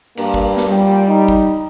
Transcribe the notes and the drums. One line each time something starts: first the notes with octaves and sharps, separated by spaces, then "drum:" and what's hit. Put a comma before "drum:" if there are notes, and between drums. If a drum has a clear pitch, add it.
G2 A#3, drum: cymbal
drum: kick
drum: snare
A#2 G3
D#4
drum: kick